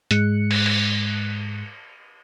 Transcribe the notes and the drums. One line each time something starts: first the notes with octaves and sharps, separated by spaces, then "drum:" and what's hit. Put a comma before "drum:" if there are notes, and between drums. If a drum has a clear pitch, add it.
G#2 G#3 F#6 C#7, drum: hi-hat
drum: cymbal
drum: cymbal